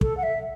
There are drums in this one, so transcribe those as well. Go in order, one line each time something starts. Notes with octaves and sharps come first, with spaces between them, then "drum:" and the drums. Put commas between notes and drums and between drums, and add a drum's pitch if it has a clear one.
A4, drum: kick
F#5
E5